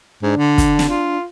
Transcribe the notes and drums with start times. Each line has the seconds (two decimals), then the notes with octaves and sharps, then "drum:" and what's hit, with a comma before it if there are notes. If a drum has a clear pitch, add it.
0.23 G#2 D4
0.37 D3
0.58 drum: kick, hi-hat
0.79 drum: snare
0.89 F4